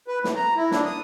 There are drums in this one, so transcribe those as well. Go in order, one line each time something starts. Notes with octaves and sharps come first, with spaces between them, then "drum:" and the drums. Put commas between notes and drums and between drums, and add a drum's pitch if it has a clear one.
B4
A3, drum: snare
A#5
E4
D4, drum: snare
D#6